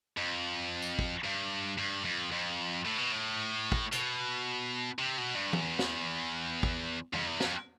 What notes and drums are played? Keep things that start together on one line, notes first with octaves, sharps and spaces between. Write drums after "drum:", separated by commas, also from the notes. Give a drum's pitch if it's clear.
F2
drum: tambourine
drum: kick
G2
G2
F2
F2
A2
B2
A2
drum: kick
B2, drum: hi-hat
C3
B2
G2
E2, drum: tom
drum: snare
drum: kick
F2, drum: tom
E2
F2, drum: snare